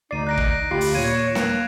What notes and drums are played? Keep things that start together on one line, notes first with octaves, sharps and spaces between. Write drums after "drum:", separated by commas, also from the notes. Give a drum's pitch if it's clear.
D2 D#4 D5 C7 D#7
D#4 F#6 A#6 D7
drum: kick
D2 F4 G4 B5 C7
drum: open hi-hat
D#2 A#2 C#5 G#6 D#7
E7
A#3 B4 C7 F7, drum: snare